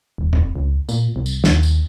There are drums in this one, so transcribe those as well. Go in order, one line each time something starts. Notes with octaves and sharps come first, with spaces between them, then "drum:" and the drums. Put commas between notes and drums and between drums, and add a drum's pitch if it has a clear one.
D#1
drum: tom E2
C#2
A#2, drum: tambourine
C2
drum: tambourine
D#2, drum: snare
drum: tambourine